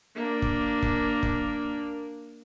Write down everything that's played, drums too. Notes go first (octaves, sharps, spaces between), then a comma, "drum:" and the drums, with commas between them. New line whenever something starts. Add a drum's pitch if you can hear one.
A#3 D4
drum: kick
drum: kick
drum: kick